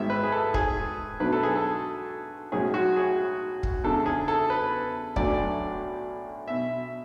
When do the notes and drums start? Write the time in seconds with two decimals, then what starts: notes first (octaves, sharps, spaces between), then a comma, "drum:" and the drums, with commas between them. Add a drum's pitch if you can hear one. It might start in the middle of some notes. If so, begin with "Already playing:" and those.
Already playing: G#1 G#2 G#3 B3 E5
0.10 B4
0.23 G#4
0.32 A4
0.54 G#4, drum: kick
1.20 B1 B2 A3 D4 B4
1.33 A4
1.43 G#4
1.55 A4
2.52 B1 A2 G#3 C#4 G#4
2.74 F#4
2.96 G#4
3.63 drum: kick
3.84 E2 C#3 G#3 D4 A4
4.06 G#4
4.28 A4
4.50 B4
5.16 B1 A2 E3 A3 D4 D5, drum: kick
6.48 B2 E5